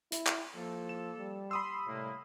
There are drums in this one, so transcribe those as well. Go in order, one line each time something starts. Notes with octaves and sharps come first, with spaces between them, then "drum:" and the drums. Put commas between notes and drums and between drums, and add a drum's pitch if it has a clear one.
E4, drum: hi-hat
drum: clap
F3 A#3 A4
E7
G3
B5 C6 D#6 E6
A2 C3 G3 A#3